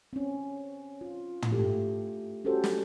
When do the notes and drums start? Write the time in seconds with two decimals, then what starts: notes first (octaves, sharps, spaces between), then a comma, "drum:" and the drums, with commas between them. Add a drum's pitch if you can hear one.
0.13 C4 C#4
1.01 F4
1.42 drum: tom
1.52 A3 E4 G4
2.45 C#4 F#4 G4 A4 C5
2.64 drum: snare